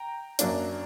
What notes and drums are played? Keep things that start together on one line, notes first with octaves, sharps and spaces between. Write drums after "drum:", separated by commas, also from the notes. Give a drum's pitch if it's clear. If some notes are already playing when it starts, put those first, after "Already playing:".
Already playing: G5 A#5
F#2 F#3 A#3 D4, drum: hi-hat